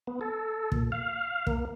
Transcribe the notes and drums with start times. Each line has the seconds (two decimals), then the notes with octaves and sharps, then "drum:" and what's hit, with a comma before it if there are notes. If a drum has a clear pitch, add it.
0.07 B3
0.21 A4
0.72 A#2, drum: kick
0.92 F5
1.47 A#3, drum: kick